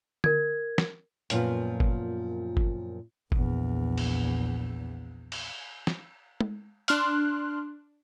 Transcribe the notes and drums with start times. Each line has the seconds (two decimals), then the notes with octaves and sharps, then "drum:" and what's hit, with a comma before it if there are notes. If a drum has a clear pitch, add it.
0.24 A#4 G#6, drum: tom D3
0.78 drum: snare
1.30 F#2 A#2 F3 B3 F4, drum: hi-hat
1.80 drum: kick G1
2.57 drum: kick G1
3.32 A#1 E2, drum: kick G1
3.98 drum: cymbal
5.32 drum: cymbal
5.87 drum: snare
6.40 drum: tom G#3
6.88 D4 C6 F6 F#6, drum: hi-hat